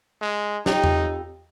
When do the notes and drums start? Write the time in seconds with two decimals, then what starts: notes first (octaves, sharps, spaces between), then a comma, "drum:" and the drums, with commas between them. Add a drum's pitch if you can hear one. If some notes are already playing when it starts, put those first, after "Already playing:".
0.21 G#3
0.66 F2 D#4 G4 C#5, drum: snare
0.84 drum: tom E2